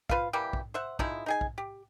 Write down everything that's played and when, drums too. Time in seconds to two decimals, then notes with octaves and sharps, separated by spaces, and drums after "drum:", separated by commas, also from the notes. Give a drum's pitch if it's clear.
0.09 F4 B4 C5 F5, drum: kick
0.33 E3 G3 A#3 G4
0.53 drum: kick
0.74 C5 E5 F#5
0.99 F3 G#3 D#4 E4, drum: kick
1.26 D#4 G#4 G#5
1.41 drum: kick
1.58 G4